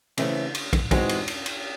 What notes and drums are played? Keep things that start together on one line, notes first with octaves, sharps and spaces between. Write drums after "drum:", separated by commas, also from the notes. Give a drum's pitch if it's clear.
C#3 E3 A3 C4, drum: cymbal
drum: cymbal
drum: kick, cymbal
E3 G#3 C4 D#4 F#4, drum: kick, cymbal
drum: cymbal
drum: cymbal
drum: cymbal